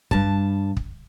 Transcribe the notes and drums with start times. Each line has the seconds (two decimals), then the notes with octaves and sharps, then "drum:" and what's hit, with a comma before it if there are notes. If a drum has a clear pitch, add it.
0.11 G2 A5, drum: kick
0.77 drum: kick